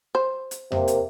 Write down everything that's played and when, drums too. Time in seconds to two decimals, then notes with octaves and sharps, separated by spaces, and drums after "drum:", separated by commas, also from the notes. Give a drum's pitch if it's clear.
0.15 C5
0.51 drum: hi-hat
0.72 C3 A#3, drum: tom F2
0.88 drum: hi-hat